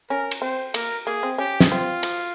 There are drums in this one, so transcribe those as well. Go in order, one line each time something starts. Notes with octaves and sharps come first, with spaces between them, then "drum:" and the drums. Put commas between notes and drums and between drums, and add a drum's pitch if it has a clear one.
C#4 A#4
drum: cymbal
C4 C5
A#3 A#4, drum: cymbal
A#3 G#4
C4
C#4 G4
drum: snare
C4 F4
F3, drum: cymbal